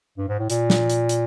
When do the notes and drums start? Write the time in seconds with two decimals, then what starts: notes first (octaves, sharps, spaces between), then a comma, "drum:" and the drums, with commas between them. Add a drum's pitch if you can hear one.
0.18 G2
0.28 G#2
0.39 A2
0.50 A#2, drum: hi-hat
0.70 drum: snare
0.90 drum: hi-hat
1.09 drum: hi-hat